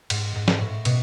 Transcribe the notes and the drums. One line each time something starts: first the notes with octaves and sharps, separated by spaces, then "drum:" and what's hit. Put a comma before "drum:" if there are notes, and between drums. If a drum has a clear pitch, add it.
G#2, drum: cymbal
G#2
drum: snare
A2
B2, drum: cymbal